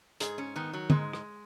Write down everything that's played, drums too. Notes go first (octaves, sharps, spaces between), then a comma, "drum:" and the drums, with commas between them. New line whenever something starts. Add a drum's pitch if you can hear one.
G#2 G#4, drum: hi-hat
C#4
D#3 B3
F#3
G#2 G#3, drum: tom
drum: rim click